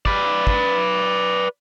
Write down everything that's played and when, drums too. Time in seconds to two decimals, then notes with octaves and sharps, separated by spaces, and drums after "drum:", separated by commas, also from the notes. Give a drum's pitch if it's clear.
0.06 B4 D5, drum: kick
0.47 drum: kick